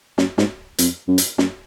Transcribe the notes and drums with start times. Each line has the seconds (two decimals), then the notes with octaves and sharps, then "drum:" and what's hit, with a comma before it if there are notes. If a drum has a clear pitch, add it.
0.18 F#2, drum: snare
0.38 G#2, drum: snare
0.78 F2, drum: hi-hat
1.08 F#2
1.18 drum: hi-hat
1.38 F#2, drum: snare